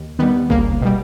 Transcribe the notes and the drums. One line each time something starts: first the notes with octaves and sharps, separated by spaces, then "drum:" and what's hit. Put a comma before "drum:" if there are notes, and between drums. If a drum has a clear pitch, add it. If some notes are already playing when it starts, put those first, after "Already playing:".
Already playing: D#2
D#3 G3 B3
C#2 A#3, drum: kick
B2 G3